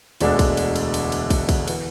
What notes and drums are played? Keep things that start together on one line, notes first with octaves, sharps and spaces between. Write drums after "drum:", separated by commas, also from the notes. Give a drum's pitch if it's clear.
E1 D2 D3 G#3 D4, drum: cymbal
drum: kick, cymbal
drum: cymbal
drum: cymbal
drum: cymbal
drum: cymbal
drum: kick, cymbal
drum: kick, cymbal
E3 B3, drum: cymbal